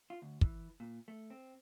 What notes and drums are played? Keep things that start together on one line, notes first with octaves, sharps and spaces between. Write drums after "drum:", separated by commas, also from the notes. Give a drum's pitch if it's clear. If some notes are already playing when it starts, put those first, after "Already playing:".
F4
D2
E3, drum: kick
A#2
A3
C4